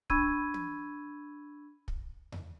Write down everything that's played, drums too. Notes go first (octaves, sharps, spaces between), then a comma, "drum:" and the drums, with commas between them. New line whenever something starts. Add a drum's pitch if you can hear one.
D4 B5 C#6 E6 G#6 D#7, drum: kick
drum: tom
drum: kick
drum: tom E2